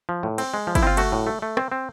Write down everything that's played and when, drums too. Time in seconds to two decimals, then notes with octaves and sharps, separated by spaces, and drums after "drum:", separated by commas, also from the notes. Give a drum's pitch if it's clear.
0.09 F3
0.23 A2
0.38 C4, drum: cymbal
0.54 G#3
0.67 F3
0.75 E4, drum: kick, cymbal
0.83 C4 F4
0.97 A3 F#4, drum: cymbal
1.12 A2
1.27 A3
1.42 A3
1.57 C4, drum: rim click
1.72 C4